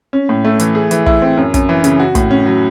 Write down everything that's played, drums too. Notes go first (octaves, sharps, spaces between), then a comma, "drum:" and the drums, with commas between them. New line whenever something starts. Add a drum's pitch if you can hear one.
C#4
A2
A3
E3, drum: hi-hat
G#4
E3, drum: hi-hat
E4, drum: kick
C4
F#2
F#2, drum: kick, hi-hat
E3
C#3, drum: hi-hat
F#4
A2, drum: kick, hi-hat
C#4
F#3